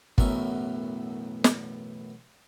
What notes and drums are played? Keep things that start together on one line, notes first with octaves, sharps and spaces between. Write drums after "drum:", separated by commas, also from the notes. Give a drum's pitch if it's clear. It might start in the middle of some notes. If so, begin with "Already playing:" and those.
B1 F#2 A2 E3 A#4 C#6, drum: kick
drum: snare